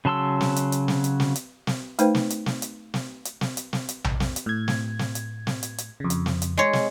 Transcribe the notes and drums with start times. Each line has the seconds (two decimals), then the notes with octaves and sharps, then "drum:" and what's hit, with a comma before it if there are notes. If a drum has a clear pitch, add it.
0.05 C#3 F#3 A5 C6 E6
0.41 drum: snare
0.56 drum: hi-hat
0.72 drum: hi-hat
0.88 drum: snare
1.04 drum: hi-hat
1.20 drum: snare
1.35 drum: hi-hat
1.67 drum: snare
1.99 A3 D#4 B4 C5 G5, drum: hi-hat
2.15 drum: snare
2.30 drum: hi-hat
2.46 drum: snare
2.62 drum: hi-hat
2.94 drum: snare
3.25 drum: hi-hat
3.41 drum: snare
3.57 drum: hi-hat
3.73 drum: snare
3.89 drum: hi-hat
4.04 drum: tom A#1
4.20 drum: snare
4.36 drum: hi-hat
4.46 A2 G#6
4.68 drum: snare
4.99 drum: snare
5.15 drum: hi-hat
5.47 drum: snare
5.63 drum: hi-hat
5.78 drum: hi-hat
6.00 F2 C#3
6.10 drum: hi-hat
6.26 drum: snare
6.42 drum: hi-hat
6.57 G#3 C#5
6.73 drum: snare